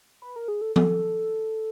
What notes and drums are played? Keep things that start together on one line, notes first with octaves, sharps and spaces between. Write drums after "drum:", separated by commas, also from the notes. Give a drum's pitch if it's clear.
B4
A#4
G#4
A4
A4, drum: tom F3